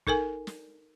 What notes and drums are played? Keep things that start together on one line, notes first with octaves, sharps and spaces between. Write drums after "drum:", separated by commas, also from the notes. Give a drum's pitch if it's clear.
D#4 A4 A#4 G#5, drum: kick
drum: snare